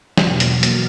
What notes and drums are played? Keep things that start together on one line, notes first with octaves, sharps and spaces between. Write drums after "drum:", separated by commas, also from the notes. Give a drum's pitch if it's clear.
E2 B2 F#3 A#3 F6, drum: snare
drum: hi-hat
drum: hi-hat